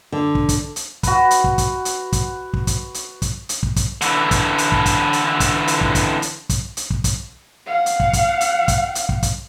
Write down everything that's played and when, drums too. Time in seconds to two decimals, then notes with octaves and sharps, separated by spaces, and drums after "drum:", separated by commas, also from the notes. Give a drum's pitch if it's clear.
0.12 D3
0.35 drum: kick
0.49 drum: kick, hi-hat
0.76 drum: hi-hat
1.03 F#4 B4, drum: kick, hi-hat
1.31 drum: hi-hat
1.44 drum: kick
1.58 drum: kick, hi-hat
1.85 drum: hi-hat
2.13 drum: kick, hi-hat
2.53 drum: kick
2.67 drum: kick, hi-hat
2.94 drum: hi-hat
3.22 drum: kick, hi-hat
3.49 drum: hi-hat
3.63 drum: kick
3.76 drum: kick, hi-hat
4.01 D3 E3, drum: hi-hat
4.31 drum: kick, hi-hat
4.58 drum: hi-hat
4.72 drum: kick
4.86 drum: kick, hi-hat
5.13 drum: hi-hat
5.40 drum: kick, hi-hat
5.68 drum: hi-hat
5.81 drum: kick
5.95 drum: kick, hi-hat
6.22 drum: hi-hat
6.49 drum: kick, hi-hat
6.77 drum: hi-hat
6.90 drum: kick
7.04 drum: kick, hi-hat
7.66 F5 F#5
7.86 drum: hi-hat
8.00 drum: kick
8.13 drum: kick, hi-hat
8.41 drum: hi-hat
8.68 drum: kick, hi-hat
8.95 drum: hi-hat
9.09 drum: kick
9.23 drum: kick, hi-hat